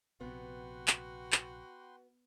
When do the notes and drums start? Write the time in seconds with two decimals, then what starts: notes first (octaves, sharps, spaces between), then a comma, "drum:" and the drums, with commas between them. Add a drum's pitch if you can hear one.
0.21 A#1 C3 B3 F#4 B4 G5 C6
0.88 drum: clap
1.32 drum: clap